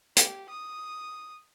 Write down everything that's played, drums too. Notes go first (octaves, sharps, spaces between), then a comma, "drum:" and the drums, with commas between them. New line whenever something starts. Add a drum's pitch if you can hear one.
G4, drum: hi-hat
D#6